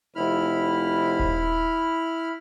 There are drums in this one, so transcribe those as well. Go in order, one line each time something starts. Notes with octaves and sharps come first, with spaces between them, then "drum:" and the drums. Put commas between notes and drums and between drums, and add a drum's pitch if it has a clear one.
F1 E4 B5 F6
drum: kick D#1